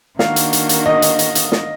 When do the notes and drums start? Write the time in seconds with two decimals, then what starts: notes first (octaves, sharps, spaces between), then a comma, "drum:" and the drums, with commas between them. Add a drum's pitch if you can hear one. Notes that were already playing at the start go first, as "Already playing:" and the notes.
0.19 D#3 A#3 D4 F#4 F5, drum: snare
0.36 drum: hi-hat
0.53 drum: hi-hat
0.69 drum: hi-hat
0.86 D#5
1.02 drum: hi-hat
1.19 drum: hi-hat
1.35 drum: hi-hat
1.52 drum: snare